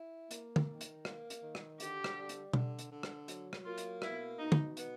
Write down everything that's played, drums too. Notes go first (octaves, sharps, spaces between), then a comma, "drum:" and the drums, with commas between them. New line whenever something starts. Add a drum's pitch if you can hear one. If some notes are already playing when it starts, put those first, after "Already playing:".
Already playing: E4
A#3, drum: hi-hat
drum: tom
D#3
drum: hi-hat
A#3, drum: rim click
drum: hi-hat
D#3
drum: rim click
D3 G4, drum: hi-hat
drum: rim click
G3
drum: hi-hat
D3, drum: tom B2
drum: hi-hat
D3
drum: rim click
F#3, drum: hi-hat
drum: rim click
A#3 F4
drum: hi-hat
B2 E4, drum: rim click
B2 D#4
drum: tom
B3, drum: hi-hat